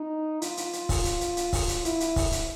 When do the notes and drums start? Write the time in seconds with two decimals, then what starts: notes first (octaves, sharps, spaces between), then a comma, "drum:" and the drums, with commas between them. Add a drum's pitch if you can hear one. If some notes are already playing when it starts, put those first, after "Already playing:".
Already playing: D#4
0.42 F4, drum: hi-hat
0.57 drum: hi-hat
0.73 drum: hi-hat
0.89 drum: kick C#1, open hi-hat
1.05 drum: hi-hat
1.21 drum: hi-hat
1.37 drum: hi-hat
1.53 drum: kick C#1, open hi-hat
1.69 drum: hi-hat
1.85 E4, drum: hi-hat
2.00 drum: hi-hat
2.16 drum: kick C#1, open hi-hat
2.32 drum: hi-hat